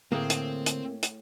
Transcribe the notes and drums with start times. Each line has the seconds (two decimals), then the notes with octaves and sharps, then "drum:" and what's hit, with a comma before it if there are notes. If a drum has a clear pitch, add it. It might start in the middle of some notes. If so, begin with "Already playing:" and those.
0.12 A2 D3 A#3 C4 G#4
0.30 drum: hi-hat
0.66 drum: hi-hat
1.03 drum: hi-hat